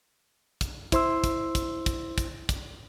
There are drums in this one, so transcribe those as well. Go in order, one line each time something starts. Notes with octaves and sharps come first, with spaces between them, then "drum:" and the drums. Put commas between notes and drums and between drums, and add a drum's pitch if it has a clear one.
drum: kick, hi-hat
E4 C5 C6 E6, drum: kick, hi-hat
drum: kick, hi-hat
drum: kick, hi-hat
drum: kick, hi-hat
drum: kick, hi-hat
drum: kick, hi-hat